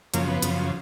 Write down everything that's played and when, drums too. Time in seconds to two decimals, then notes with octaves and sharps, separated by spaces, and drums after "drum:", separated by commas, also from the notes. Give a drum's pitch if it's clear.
0.14 F#2 C#3 F3 A#3, drum: hi-hat
0.28 B3
0.43 F#2 C#3 F3, drum: hi-hat